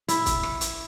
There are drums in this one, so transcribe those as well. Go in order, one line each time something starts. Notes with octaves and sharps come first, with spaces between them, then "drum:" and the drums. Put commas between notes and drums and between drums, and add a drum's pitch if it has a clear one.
E4, drum: hi-hat
drum: kick, hi-hat
drum: rim click
drum: hi-hat